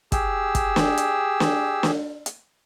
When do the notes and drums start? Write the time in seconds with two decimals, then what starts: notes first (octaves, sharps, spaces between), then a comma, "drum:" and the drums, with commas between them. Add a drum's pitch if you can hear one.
0.12 G4 G#4 E6, drum: kick, hi-hat
0.55 drum: kick, hi-hat
0.76 drum: snare
0.97 drum: hi-hat
1.40 drum: snare
1.83 drum: snare
2.26 drum: hi-hat